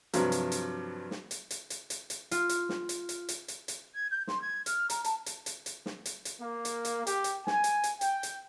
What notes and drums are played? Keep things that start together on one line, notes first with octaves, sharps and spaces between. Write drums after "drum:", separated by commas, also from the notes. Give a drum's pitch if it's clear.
G2 C3 F3 F#3, drum: hi-hat
drum: hi-hat
drum: hi-hat
drum: snare
drum: hi-hat
drum: hi-hat
drum: hi-hat
drum: hi-hat
drum: hi-hat
F4, drum: hi-hat
drum: hi-hat
drum: snare
drum: hi-hat
drum: hi-hat
drum: hi-hat
drum: hi-hat
drum: hi-hat
G#6
G6
C6, drum: snare
G#6
F6, drum: hi-hat
A#5, drum: hi-hat
A5, drum: hi-hat
drum: hi-hat
drum: hi-hat
drum: hi-hat
drum: snare
drum: hi-hat
drum: hi-hat
A#3
drum: hi-hat
drum: hi-hat
G4, drum: hi-hat
drum: hi-hat
G#5, drum: snare
drum: hi-hat
drum: hi-hat
G5, drum: hi-hat
drum: hi-hat